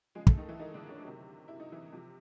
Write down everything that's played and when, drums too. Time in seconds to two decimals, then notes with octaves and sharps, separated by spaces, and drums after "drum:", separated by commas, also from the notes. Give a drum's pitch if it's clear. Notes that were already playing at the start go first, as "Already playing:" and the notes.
0.15 C#3 F3 G#3 G#4
0.27 A3 A4, drum: kick
0.37 D#3 D#4
0.48 E3 E4
0.59 D#3 D#4
0.74 D3 D4
0.89 C#4
1.04 C3 D#3 F#3
1.48 E4
1.60 D#4
1.72 E3 E4
1.93 C3 F3